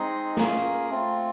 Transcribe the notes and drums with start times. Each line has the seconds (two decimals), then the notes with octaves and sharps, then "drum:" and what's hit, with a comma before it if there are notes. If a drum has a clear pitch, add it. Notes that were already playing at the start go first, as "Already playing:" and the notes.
Already playing: G#3 C4 D#4 G#4
0.37 A#3 C#4 F4 G#4, drum: snare
0.90 A3 C4 F4